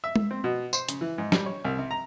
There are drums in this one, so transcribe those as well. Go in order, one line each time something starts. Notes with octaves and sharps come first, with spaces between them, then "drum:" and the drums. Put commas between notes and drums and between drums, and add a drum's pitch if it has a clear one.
E5
drum: tom G#3
C4
B2
C5, drum: tambourine
C#3, drum: hi-hat
E3
G#2
G3, drum: snare
C#5
C2
C3
A#5